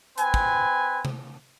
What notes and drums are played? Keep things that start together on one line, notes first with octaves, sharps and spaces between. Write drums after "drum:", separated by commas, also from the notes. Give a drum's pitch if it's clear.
C4 B4 G#5, drum: hi-hat
drum: kick
drum: tom C3